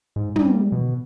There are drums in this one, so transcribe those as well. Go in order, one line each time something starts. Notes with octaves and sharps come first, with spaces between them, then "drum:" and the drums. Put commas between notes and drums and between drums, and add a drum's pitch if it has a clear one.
G#2
G3, drum: tom
B2